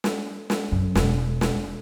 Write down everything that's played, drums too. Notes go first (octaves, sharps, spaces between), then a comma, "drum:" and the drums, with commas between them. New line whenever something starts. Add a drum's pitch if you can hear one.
drum: snare
drum: snare
F#2
E1, drum: snare
drum: snare